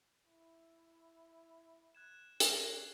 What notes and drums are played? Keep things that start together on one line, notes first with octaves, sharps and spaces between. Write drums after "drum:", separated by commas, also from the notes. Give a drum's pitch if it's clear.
E4
F#6 G#6 E7
C#4 A#6 C7, drum: hi-hat